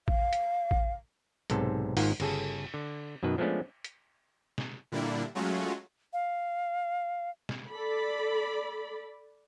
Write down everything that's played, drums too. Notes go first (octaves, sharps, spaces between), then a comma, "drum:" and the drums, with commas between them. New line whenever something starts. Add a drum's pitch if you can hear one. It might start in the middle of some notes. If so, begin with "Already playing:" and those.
F5, drum: kick A1
drum: hi-hat
drum: kick A1
B1 G#2 C3 A4, drum: hi-hat
G#1 G#2 D#3 A#3 F4 F#5, drum: open hi-hat
G1 C#3 G#4 A4, drum: cymbal
D3
F#2 B2 D#3 B4
F3 G#3 A3 B3 C#4 D4
drum: hi-hat
drum: snare
A#2 D3 G3 A#3 D4 E4
F#3 G#3 A3 C#4 F4 F#4
F5
drum: snare
A4 D5 B5